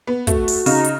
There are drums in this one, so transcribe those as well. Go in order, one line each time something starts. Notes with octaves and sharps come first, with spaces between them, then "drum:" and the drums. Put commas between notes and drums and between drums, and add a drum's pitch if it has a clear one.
B3
A3 F#4, drum: kick, hi-hat
drum: open hi-hat
C#3 D#4, drum: open hi-hat
drum: hi-hat